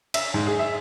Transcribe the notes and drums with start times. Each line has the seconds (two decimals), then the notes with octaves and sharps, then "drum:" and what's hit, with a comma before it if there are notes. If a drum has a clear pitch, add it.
0.14 E5, drum: cymbal
0.34 G#2
0.47 G#4
0.59 E5